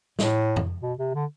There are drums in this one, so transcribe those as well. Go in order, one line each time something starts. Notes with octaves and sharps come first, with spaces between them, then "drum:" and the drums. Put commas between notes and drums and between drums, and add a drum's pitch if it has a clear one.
A2, drum: snare
drum: tom
B2
C3
D3